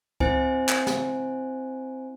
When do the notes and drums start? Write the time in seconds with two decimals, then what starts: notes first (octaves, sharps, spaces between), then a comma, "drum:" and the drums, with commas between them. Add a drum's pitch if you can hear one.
0.20 C4 E4 C5 G#5, drum: kick C#2
0.69 drum: clap
0.87 drum: snare